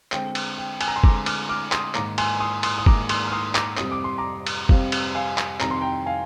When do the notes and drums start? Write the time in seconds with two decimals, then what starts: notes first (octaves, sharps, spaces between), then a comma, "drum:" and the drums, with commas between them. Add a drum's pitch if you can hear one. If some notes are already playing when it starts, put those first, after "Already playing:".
0.12 D3 G#3 C4 G5, drum: clap
0.35 drum: cymbal
0.58 G5
0.81 G#5, drum: cymbal
0.88 A#5
0.96 C6
1.04 D3 G#3 C4 A#5 D6, drum: kick F#1
1.26 D6 F6, drum: cymbal
1.49 D6 F6
1.72 C6 D#6, drum: clap
1.95 G#2 D#3 A#3 A#5 D6, drum: clap
2.18 G#5 C6, drum: cymbal
2.40 C6 D#6
2.63 C6 D#6, drum: cymbal
2.78 D#6
2.86 G#2 D#3 A#3 A#5 D6, drum: kick F#1
3.09 C6 D#6, drum: cymbal
3.27 F6
3.32 C6 D#6
3.55 A#5 D6, drum: clap
3.77 F2 C3 G3 C4 D#6, drum: clap
3.91 D6
4.04 C6
4.18 A#5 D6
4.47 drum: cymbal
4.69 F2 C3 G3 C4 F5, drum: kick F#1
4.92 drum: cymbal
5.15 F5 G#5
5.38 drum: clap
5.60 F2 C3 D#3 G3 A#5, drum: clap
5.71 C6
5.81 G5 A#5
6.06 F5 G#5